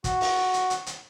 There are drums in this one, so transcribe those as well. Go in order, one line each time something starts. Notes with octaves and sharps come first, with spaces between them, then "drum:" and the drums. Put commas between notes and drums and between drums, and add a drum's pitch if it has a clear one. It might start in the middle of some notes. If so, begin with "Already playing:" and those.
F#4, drum: kick, hi-hat
drum: open hi-hat
drum: hi-hat
drum: hi-hat
drum: hi-hat